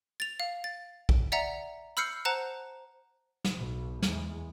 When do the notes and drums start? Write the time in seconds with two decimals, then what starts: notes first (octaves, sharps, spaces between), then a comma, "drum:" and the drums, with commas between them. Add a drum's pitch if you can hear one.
0.20 A6 F7
0.40 F5
0.64 A6
1.09 drum: kick A#1
1.32 D5 E5 F#5 A#5
1.97 B5 E6 F6 G6 C7 C#7
2.25 C5 F#5 A5 A#5 F#6
3.44 drum: snare
3.56 B1 B2
4.02 E2 G#3, drum: snare